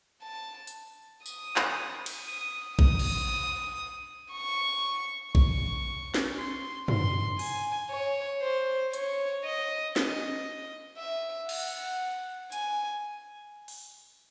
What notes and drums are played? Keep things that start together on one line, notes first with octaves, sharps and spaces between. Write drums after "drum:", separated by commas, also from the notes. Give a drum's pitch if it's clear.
A5
drum: hi-hat
D#6, drum: tambourine
drum: clap
drum: cymbal
D#6
D#6, drum: kick A#1
drum: cymbal
C#6
C#6, drum: kick A#1
drum: snare
C6
C6, drum: tom
G#5, drum: open hi-hat
C#5
C5
C#5, drum: hi-hat
D#5
D#5, drum: snare
E5
F#5, drum: cymbal
G#5, drum: hi-hat
drum: open hi-hat